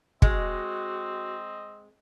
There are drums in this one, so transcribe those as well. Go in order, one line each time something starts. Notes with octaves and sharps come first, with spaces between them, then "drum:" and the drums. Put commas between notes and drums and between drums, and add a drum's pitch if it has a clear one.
G#3 C4 F#4 D#5, drum: kick